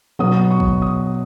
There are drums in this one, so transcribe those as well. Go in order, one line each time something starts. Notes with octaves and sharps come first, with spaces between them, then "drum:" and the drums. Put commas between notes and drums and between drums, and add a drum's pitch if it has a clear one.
B2 F#3 B3 D#6
C#6
drum: kick
D#6